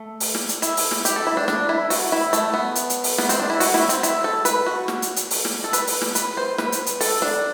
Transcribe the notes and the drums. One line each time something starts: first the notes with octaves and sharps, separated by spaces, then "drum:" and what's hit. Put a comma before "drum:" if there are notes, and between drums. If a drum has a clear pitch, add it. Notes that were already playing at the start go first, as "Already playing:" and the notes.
Already playing: A3
drum: open hi-hat
drum: snare
drum: hi-hat
E4, drum: hi-hat
drum: open hi-hat
drum: snare
G4, drum: hi-hat
A4
E4
D4
D4, drum: snare
E4
F#4, drum: open hi-hat
E4
A3, drum: hi-hat
B3
drum: hi-hat
drum: hi-hat
drum: open hi-hat
B3, drum: snare
C4, drum: hi-hat
D4
E4
F#4, drum: open hi-hat
E4, drum: snare
C4, drum: hi-hat
E4, drum: hi-hat
A4
B4, drum: hi-hat
F#4
drum: snare
drum: hi-hat
drum: hi-hat
drum: open hi-hat
drum: snare
A4
B4, drum: hi-hat
drum: open hi-hat
drum: snare
B4, drum: hi-hat
C5
B4, drum: snare
drum: hi-hat
drum: hi-hat
A4, drum: open hi-hat
D4